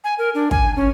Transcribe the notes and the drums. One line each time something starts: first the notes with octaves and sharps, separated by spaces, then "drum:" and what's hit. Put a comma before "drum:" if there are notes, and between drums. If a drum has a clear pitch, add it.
G#5
A#4
D4
G#5, drum: kick
C#4